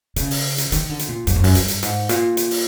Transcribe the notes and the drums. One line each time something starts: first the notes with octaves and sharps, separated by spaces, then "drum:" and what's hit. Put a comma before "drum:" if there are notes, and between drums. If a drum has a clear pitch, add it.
C#3, drum: hi-hat
drum: open hi-hat
drum: hi-hat
D#3, drum: hi-hat
D3
drum: hi-hat
A#2
F#2, drum: hi-hat
F2
F#2, drum: open hi-hat
G2, drum: hi-hat
drum: hi-hat
G#2, drum: hi-hat
A#2, drum: hi-hat
drum: hi-hat
drum: open hi-hat